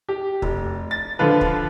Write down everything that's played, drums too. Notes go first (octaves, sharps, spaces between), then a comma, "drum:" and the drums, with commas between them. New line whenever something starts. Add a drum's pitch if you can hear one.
G4
F1, drum: kick
A6
D3 F3 F4 B4
drum: kick